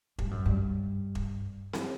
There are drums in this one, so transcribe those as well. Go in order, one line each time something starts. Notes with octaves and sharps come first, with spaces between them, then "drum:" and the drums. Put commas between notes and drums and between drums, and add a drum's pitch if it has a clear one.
G2, drum: kick E1
F#2
G2
drum: kick E1
drum: snare C4